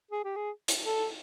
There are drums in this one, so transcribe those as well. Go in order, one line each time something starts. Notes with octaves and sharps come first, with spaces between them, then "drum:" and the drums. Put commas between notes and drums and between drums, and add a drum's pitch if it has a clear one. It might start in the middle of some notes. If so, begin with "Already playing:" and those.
G#4
G4
G#4
drum: hi-hat
A4